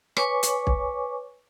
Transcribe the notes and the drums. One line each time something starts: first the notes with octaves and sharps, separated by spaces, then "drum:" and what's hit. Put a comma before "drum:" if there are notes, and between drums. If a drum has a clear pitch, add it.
B4 C#5 G#5 C#6 D6, drum: rim click
drum: hi-hat
drum: kick